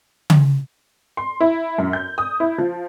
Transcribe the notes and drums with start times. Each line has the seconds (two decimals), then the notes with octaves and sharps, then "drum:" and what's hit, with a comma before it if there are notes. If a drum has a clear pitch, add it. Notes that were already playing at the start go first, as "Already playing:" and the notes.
0.30 drum: tom C#3
1.17 C6
1.40 E4
1.78 F#2
1.93 G6
2.18 D#6
2.40 E4
2.58 F3